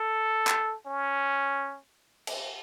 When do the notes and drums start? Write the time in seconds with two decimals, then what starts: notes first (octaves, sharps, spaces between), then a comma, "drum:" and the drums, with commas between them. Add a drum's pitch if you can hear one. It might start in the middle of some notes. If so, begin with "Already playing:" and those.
Already playing: A4
0.47 drum: clap
0.86 C#4
2.27 drum: cymbal